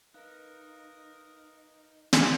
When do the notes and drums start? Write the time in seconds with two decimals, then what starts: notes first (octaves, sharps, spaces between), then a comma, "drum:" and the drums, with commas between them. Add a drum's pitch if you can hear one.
0.14 D#4 A#4 B4 D#5 F5 F#6
2.13 drum: snare